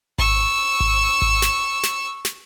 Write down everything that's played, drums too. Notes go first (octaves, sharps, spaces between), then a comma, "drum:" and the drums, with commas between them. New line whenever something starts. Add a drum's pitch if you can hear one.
C#6 E6, drum: kick G#1
drum: kick G#1
drum: kick G#1
drum: snare
drum: snare
drum: snare